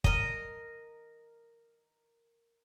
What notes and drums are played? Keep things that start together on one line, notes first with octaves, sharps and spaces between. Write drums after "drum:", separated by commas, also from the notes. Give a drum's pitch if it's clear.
A#4 D#5, drum: kick